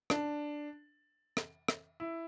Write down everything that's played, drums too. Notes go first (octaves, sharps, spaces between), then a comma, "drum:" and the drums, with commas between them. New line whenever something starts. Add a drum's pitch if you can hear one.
D4, drum: rim click
drum: rim click
drum: rim click
E4